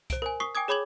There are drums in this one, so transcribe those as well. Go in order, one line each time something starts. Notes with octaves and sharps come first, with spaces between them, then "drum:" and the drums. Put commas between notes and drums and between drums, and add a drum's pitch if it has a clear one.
C5 D7, drum: kick C2, hi-hat
A#4 C5 G#5
C#6 D#6 B6 C7
G5 G#5 D6 D#6 G#6
G#4 C#5 B5 D6 G#6 F#7